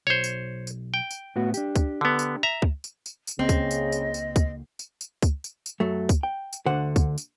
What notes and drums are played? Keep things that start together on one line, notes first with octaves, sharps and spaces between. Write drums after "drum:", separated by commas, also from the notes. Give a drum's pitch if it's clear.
B1 C5 C#5
drum: tambourine
drum: tambourine
G5
drum: tambourine
A2 B3 F#4
D4 G4, drum: tambourine
drum: kick C#2, tambourine
D3 B3
drum: tambourine
E5 A#5
drum: kick C#2
drum: tambourine
drum: tambourine
drum: tambourine
C#2 C#3 A#3 C4 D#5
drum: kick C#2, tambourine
drum: tambourine
drum: tambourine
drum: tambourine
drum: kick C#2, tambourine
drum: tambourine
drum: tambourine
drum: kick C#2, tambourine
drum: tambourine
drum: tambourine
F#2 F#3 A3
drum: kick C#2, tambourine
G5
drum: tambourine
D2 D3 C5 F#5
drum: kick C#2, tambourine
drum: tambourine